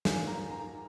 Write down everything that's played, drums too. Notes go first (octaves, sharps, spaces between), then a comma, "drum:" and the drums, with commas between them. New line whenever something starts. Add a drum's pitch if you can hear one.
G#2 F3 A#3 D4 G#5, drum: snare
A#5
A#5